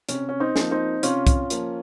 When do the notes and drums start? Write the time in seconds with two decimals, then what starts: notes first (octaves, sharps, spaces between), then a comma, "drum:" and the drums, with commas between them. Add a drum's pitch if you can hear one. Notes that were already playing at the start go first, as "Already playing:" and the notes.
0.09 C3 C#4, drum: hi-hat
0.29 C#4
0.40 C4 D#4
0.56 F3 A#3, drum: snare
0.71 C4 D#4
1.03 C3 C#4 F4, drum: hi-hat
1.27 drum: kick C2, hi-hat
1.50 F3 A#3, drum: hi-hat